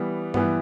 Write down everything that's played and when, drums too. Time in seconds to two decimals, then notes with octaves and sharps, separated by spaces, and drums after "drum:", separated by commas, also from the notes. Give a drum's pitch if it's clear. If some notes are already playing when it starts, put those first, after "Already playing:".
Already playing: E3 G3 B3
0.34 E3 G3 B3, drum: tom G2